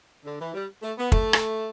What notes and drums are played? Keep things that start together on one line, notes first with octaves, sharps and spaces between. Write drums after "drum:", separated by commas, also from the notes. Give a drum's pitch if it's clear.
D3
E3
G3
A3
B3
A3, drum: kick
drum: rim click